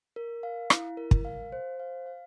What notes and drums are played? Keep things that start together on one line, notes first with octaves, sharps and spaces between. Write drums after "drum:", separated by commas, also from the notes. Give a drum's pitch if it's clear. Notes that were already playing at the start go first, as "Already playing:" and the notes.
A#4
F5
E4, drum: rim click
A#4
drum: kick
F5
C5
F5
F5